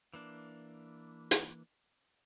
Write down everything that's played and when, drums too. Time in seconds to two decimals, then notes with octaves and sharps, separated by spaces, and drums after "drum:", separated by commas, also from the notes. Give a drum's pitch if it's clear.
0.14 E3 A#3 D4
1.31 drum: hi-hat